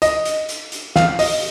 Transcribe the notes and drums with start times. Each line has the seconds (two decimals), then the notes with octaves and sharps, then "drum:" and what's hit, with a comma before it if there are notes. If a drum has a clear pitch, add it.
0.02 D#5, drum: hi-hat
0.25 drum: hi-hat
0.49 drum: hi-hat
0.72 drum: hi-hat
0.96 F5, drum: snare
1.19 D#5, drum: open hi-hat